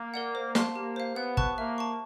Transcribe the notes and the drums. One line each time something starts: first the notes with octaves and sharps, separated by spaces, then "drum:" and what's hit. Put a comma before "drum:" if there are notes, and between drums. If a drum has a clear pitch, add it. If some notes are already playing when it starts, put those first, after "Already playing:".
Already playing: A#3
A#4 D5 F#5
C5
F5 A5 C6 F6, drum: snare
A#3 G4
C5 F5
B3 F#5
A5 C#6 F#6, drum: kick
A#3 E5
A5 C#6